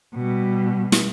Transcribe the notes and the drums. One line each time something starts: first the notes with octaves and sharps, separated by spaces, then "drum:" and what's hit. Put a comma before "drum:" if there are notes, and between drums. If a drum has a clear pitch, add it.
B2 G3
drum: snare